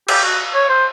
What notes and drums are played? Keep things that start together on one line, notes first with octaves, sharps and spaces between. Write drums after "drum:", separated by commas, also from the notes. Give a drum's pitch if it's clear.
G4, drum: cymbal
F#4
C#5
C5